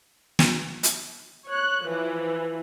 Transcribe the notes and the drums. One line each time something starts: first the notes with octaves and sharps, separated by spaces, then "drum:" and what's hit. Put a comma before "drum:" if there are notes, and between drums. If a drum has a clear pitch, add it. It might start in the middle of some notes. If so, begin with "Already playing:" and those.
drum: snare
drum: hi-hat
C#5 F#6
E3 F3 B4